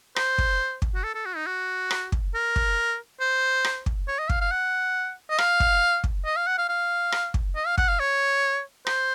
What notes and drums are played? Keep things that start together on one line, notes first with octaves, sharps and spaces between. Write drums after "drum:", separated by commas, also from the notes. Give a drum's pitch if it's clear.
C5, drum: rim click
drum: kick
drum: kick
F#4
A4
A4
F#4
D#4
F#4
drum: rim click
drum: kick
A#4
drum: kick
C5
drum: rim click
drum: kick
C#5
D#5
F5, drum: kick
F5
F#5
D#5
F5, drum: rim click
drum: kick
drum: kick
D#5
F5
F#5
F5
F5
drum: rim click
drum: kick
D#5
F5
F#5, drum: kick
F5
C#5
C5, drum: rim click